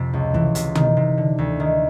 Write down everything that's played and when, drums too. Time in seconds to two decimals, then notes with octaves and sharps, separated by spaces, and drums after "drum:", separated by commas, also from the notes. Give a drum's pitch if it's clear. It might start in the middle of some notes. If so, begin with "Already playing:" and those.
Already playing: F2 C3
0.13 C#2
0.34 E3, drum: kick
0.55 C3, drum: hi-hat
0.75 D#3, drum: tom
0.97 C3
1.17 D3
1.38 D2
1.60 D#3